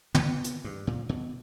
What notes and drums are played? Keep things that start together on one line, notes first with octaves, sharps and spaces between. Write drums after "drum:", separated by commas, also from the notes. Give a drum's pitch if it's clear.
B3, drum: tom
drum: hi-hat
G2
A#2
B2